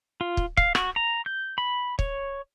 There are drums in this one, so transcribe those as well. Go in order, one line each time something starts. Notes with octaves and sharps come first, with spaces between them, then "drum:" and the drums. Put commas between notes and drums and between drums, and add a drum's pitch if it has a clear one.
F4
drum: kick
F5, drum: kick
F#4, drum: rim click
A#5
G6
B5
C#5, drum: kick